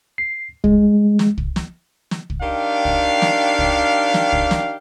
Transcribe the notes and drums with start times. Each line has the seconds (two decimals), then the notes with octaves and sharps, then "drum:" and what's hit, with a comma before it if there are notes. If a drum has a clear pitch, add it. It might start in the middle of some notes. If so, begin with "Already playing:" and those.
0.18 C7
0.64 G#3, drum: kick
1.19 drum: snare
1.38 drum: kick
1.56 drum: snare
2.11 drum: snare
2.30 drum: kick
2.41 D#3 D4 G4 F5
2.85 drum: kick
3.22 drum: snare
3.59 drum: kick
4.14 drum: snare
4.32 drum: kick
4.51 drum: snare